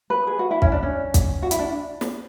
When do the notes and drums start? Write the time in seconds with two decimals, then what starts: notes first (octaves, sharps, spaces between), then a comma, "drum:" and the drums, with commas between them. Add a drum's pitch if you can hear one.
0.10 B4
0.27 G#4
0.39 F#4
0.51 E4
0.62 C#4, drum: kick
0.72 D4
0.83 C#4
1.14 drum: kick, hi-hat
1.42 F#4
1.51 E4, drum: hi-hat
1.59 D4
2.01 drum: snare